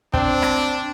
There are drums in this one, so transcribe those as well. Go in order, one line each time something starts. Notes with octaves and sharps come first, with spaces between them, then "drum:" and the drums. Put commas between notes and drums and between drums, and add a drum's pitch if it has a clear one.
C4 D4, drum: kick
drum: rim click